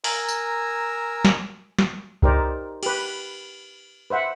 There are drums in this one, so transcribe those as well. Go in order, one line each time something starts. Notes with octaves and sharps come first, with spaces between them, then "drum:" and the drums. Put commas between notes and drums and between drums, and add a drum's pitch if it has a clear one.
A#4 G#5 A#5 E6, drum: open hi-hat
drum: tambourine
drum: snare
drum: snare
D#4 G4 A#4 C5 D5, drum: kick C2
G4 B4, drum: cymbal
B4 C5 E5 F#5